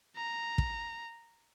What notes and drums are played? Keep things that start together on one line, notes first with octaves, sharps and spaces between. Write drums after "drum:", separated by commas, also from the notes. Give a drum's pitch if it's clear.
A#5
drum: kick